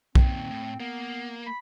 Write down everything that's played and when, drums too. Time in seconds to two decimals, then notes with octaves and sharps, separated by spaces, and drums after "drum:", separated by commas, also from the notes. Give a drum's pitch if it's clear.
0.15 A#2 D#3 C4, drum: kick B1
0.51 A2
0.80 A#3 B3
1.46 B5